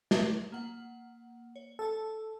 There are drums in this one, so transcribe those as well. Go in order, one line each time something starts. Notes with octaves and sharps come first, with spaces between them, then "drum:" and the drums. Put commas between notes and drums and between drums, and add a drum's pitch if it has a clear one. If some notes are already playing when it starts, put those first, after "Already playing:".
drum: snare
A#3 F#5
C#5
A4 A5 E6